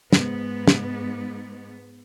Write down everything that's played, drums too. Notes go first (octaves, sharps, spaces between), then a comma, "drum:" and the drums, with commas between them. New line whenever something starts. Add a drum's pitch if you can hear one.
G#2 B3, drum: snare
drum: snare